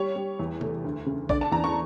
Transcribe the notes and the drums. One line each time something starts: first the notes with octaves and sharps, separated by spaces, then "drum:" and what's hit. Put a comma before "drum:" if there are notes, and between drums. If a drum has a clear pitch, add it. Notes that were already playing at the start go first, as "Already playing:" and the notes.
Already playing: G3 C#5
G3
E2
A3, drum: tom C3
D2
C#3
D3 D5, drum: kick A#1
A5
E2 A#5
C#6